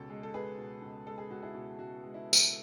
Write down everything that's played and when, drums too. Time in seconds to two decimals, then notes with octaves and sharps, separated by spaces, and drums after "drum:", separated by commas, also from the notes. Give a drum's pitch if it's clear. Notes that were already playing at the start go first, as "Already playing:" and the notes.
Already playing: C#2 B2 A4
0.10 G#3
0.23 A4
0.34 C#2 G#4 B4
0.58 B2
0.82 C#2
1.07 G#3 A4
1.18 G#4
1.30 C#2 F#4
1.42 E4 G#4
1.54 B2
1.78 C#2 F#4
2.03 G#3
2.14 E4
2.33 drum: tambourine